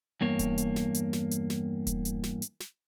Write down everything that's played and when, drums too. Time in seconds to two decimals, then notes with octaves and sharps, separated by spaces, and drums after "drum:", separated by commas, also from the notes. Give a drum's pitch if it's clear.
0.21 E2 G2 A#3 C#5
0.39 drum: kick D#1, hi-hat
0.58 drum: hi-hat
0.76 drum: snare
0.94 drum: hi-hat
1.13 drum: snare
1.31 drum: hi-hat
1.50 drum: snare
1.87 drum: kick D#1, hi-hat
2.05 drum: hi-hat
2.23 drum: snare
2.42 drum: hi-hat
2.60 drum: snare